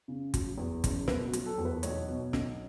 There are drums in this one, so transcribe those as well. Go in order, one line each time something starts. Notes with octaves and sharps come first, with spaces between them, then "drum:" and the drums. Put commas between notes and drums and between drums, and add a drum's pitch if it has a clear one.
C#3
F#3, drum: kick, hi-hat
E2
F#1, drum: kick, hi-hat
B2 B4, drum: snare
F#4
F#3, drum: hi-hat
A4
E2
B4
B1 C#5, drum: hi-hat
B2
B1, drum: snare